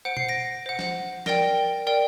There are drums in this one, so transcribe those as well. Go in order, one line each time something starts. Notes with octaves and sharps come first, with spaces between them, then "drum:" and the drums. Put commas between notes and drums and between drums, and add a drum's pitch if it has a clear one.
C5 F#5 D7
C7, drum: tom B2
A#6 D7
C5 F#5
drum: snare
A#4 D5 G5 A#6 D7, drum: snare
A#4 D5 G5